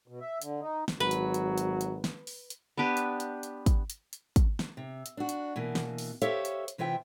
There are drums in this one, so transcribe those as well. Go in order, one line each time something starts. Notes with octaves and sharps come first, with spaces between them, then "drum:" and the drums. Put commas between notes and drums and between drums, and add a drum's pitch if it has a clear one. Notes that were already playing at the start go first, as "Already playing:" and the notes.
B2
E5
D3, drum: hi-hat
D#4
drum: snare
G#1 F#3 B4
drum: hi-hat
drum: hi-hat
drum: hi-hat
drum: hi-hat
drum: snare
drum: open hi-hat
drum: hi-hat
B3 D4 G4 B4
drum: hi-hat
drum: hi-hat
drum: hi-hat
drum: kick, hi-hat
drum: hi-hat
drum: hi-hat
drum: kick, hi-hat
drum: snare
C3
drum: hi-hat
D4 F#4
drum: hi-hat
B2 E3 A#3
drum: snare
drum: open hi-hat
G4 A4 C5 C#5 E5 F5, drum: hi-hat
drum: hi-hat
drum: hi-hat
C3 E3 F4 E5 G5